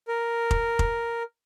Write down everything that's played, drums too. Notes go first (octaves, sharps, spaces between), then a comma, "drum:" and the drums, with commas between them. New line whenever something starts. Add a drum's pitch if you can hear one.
A#4
drum: kick F1
drum: kick F1